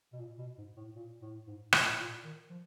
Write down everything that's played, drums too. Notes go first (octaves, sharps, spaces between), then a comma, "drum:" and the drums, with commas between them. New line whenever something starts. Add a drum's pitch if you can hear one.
B2
A#2
B2
G#2
A2
A#2
A2
G#2
A2, drum: rim click
A#2
A2
A#2
D#3
F3